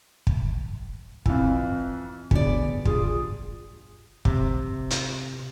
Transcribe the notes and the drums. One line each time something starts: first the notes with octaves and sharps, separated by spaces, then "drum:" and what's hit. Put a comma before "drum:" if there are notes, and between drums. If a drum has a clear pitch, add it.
drum: kick
F2 E3, drum: kick
D3 B3 G#4 D5 G#5, drum: kick
G2 F4 G#4, drum: kick
C3, drum: kick
drum: hi-hat